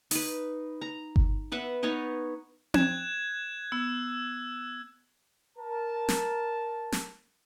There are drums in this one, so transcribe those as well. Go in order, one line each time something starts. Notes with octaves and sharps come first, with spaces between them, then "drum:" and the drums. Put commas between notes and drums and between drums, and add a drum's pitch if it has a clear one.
D#4 B4, drum: open hi-hat
A#5
drum: kick G1
B3 B4 E5 F#5
B3 D#4 C#5 D#5
F#6 G#6 E7, drum: tom C4
B3 E6
A#4 A5
drum: snare
drum: snare